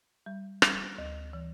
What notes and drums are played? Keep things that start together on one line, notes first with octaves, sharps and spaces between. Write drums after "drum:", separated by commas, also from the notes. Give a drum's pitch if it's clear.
G3
G3, drum: rim click
D2
E3